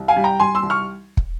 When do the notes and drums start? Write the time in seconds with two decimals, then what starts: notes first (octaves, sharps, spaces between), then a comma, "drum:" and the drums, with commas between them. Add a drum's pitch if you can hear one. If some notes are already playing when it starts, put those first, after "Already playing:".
Already playing: C2
0.08 F5 G#5
0.16 G3
0.24 G5 A#5
0.40 G3 G#5 C6
0.55 C6 E6
0.63 C2
0.70 C#6 F6
1.17 drum: kick